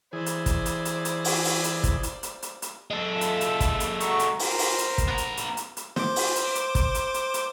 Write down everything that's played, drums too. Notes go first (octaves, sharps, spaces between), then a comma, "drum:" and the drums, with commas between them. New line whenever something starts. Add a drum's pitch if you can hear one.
E3 G#4 C5 D5
drum: hi-hat
drum: kick, hi-hat
drum: hi-hat
drum: hi-hat
drum: hi-hat
drum: open hi-hat
drum: open hi-hat
drum: hi-hat
drum: kick, hi-hat
drum: hi-hat
drum: hi-hat
drum: hi-hat
drum: hi-hat
G#3 A4
F4 E5
drum: hi-hat
drum: hi-hat
drum: kick, hi-hat
drum: hi-hat
F#4 A#5 C#6, drum: hi-hat
drum: hi-hat
A#4 C5, drum: open hi-hat
drum: open hi-hat
drum: hi-hat
drum: kick, hi-hat
B3 A#5
drum: hi-hat
drum: hi-hat
drum: hi-hat
drum: hi-hat
C5 D6, drum: snare
drum: open hi-hat
drum: hi-hat
drum: hi-hat
drum: kick, hi-hat
drum: hi-hat
drum: hi-hat
drum: hi-hat